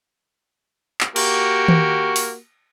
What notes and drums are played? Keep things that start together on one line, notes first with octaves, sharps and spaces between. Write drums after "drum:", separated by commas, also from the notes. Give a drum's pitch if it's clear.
drum: clap
A#3 F#4 G4, drum: cymbal
drum: tom D#3
drum: open hi-hat